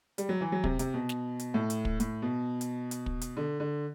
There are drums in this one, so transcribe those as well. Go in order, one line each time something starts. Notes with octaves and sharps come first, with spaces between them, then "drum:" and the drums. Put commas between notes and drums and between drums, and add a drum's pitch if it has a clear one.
G3, drum: hi-hat
F#3
E3
F#3
C3, drum: kick
C3, drum: hi-hat
B2
drum: snare
drum: hi-hat
A2
drum: hi-hat
drum: kick
A2, drum: hi-hat
B2
drum: hi-hat
drum: hi-hat
drum: kick
drum: hi-hat
D3
D3